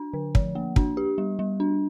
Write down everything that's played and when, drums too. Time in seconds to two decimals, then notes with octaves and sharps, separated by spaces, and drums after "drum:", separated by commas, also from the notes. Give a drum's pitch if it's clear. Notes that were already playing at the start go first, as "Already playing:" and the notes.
Already playing: D4
0.13 D3
0.35 F3, drum: kick
0.55 A#3
0.76 D4, drum: kick
0.97 G4
1.18 G3
1.39 G3
1.60 D4